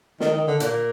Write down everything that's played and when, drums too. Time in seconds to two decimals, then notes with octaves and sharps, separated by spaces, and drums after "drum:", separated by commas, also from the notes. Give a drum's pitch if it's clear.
0.20 D#3, drum: snare
0.33 D#3
0.47 D3
0.60 A#2, drum: hi-hat